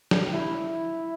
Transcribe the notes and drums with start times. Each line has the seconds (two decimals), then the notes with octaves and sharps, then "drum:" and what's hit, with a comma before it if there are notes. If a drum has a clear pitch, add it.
0.11 drum: snare
0.32 E4